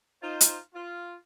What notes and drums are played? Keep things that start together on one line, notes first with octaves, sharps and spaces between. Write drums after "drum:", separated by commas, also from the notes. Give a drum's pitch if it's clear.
D#4 F4 C5
drum: hi-hat
F4